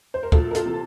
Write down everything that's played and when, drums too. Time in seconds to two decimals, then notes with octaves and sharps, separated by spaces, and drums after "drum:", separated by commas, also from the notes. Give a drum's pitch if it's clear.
0.14 C5
0.23 A#4
0.32 D2 F4 A4, drum: kick
0.51 A#4
0.55 F4 A4, drum: hi-hat
0.65 C3 E3